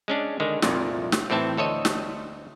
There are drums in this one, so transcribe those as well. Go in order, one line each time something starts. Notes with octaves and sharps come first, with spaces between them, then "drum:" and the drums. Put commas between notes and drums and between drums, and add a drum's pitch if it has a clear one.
G#3 C#4 D4
D3 D#3 G#3
C2 F2 A#2, drum: snare
drum: snare
A2 E3 C4 E5 A5
D2 A4 C#5 D#5
drum: snare